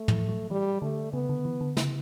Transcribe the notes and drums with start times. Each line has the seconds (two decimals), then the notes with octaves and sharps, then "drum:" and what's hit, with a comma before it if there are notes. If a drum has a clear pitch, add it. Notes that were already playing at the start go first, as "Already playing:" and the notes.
Already playing: A3
0.08 E3, drum: tom
0.28 F#3
0.50 E3 G3
0.82 D3 A3
1.13 C#3 B3
1.29 D3
1.45 E3
1.61 D3
1.77 C#3, drum: snare